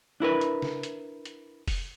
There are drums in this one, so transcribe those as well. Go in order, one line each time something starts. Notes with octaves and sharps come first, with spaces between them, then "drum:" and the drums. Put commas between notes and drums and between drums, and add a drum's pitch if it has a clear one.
D4 E4 A#4 B4
drum: hi-hat
drum: snare
drum: hi-hat
drum: hi-hat
drum: kick F1, open hi-hat